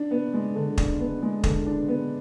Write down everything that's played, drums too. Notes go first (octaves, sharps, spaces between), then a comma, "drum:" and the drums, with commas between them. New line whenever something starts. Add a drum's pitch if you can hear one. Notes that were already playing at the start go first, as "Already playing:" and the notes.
Already playing: D4
B3
G#3
D3
D4, drum: kick
B3
G#3
D3, drum: kick
D4
B3